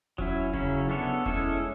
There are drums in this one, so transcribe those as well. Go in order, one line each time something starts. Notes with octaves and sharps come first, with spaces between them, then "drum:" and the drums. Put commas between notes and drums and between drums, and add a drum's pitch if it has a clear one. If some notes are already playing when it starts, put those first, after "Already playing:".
F#3 C#4 E4, drum: kick E1
C#3 F#3 C#4 E4, drum: kick E1
B3 D4 A4 C#5
G#3 C#4 E4 A4, drum: kick E1